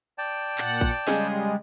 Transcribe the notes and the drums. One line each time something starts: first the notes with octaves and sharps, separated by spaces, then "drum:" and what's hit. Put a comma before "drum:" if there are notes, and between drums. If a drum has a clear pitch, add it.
D5 G5 A5
A#2 F#5 F#6, drum: clap
drum: kick
C#3 G3 G#3 G#4 D#5, drum: snare